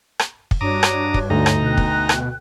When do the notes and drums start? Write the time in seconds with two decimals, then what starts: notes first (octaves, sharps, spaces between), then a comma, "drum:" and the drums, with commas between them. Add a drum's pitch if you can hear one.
0.19 drum: rim click
0.51 drum: kick
0.61 G2 D4 F#4 C#5 A#5 D6 D#6
0.83 drum: rim click
1.14 drum: kick
1.30 D2 D#4 A#5
1.46 drum: rim click
1.62 B2 G5 F#6
1.77 drum: kick
2.09 drum: rim click